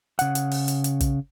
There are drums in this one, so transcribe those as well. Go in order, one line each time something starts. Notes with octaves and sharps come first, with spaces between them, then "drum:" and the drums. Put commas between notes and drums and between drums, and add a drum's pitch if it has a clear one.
C#3 F#5, drum: hi-hat
drum: hi-hat
drum: open hi-hat
drum: hi-hat
drum: hi-hat
drum: kick, hi-hat